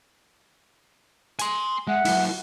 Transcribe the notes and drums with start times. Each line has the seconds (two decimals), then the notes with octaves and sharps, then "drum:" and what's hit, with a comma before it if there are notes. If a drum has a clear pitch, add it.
1.39 G#5 C6, drum: hi-hat
1.87 G#3 E5 F#5 F#6
2.05 F#3 E4, drum: open hi-hat